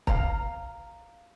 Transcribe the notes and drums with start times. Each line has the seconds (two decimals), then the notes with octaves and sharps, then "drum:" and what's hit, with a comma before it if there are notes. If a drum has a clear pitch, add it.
0.07 F5 A#5, drum: kick C#1